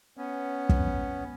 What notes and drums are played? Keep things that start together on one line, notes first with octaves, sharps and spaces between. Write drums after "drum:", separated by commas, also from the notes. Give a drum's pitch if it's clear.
B3 C#4
drum: kick